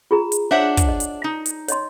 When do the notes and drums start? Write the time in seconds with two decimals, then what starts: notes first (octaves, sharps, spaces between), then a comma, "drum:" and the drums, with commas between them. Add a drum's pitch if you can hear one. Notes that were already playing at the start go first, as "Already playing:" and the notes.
0.11 F4 G#4 A#5
0.32 drum: hi-hat
0.51 D4 C5 C#5 E5 F#5
0.77 drum: kick, hi-hat
0.88 D#5
1.00 drum: hi-hat
1.24 D#4
1.46 drum: hi-hat
1.68 C#5 D#5 C6, drum: hi-hat